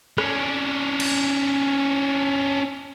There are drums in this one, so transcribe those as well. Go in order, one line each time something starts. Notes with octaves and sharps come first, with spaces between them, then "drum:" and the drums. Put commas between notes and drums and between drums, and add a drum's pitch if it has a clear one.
C#4 D4, drum: rim click
drum: cymbal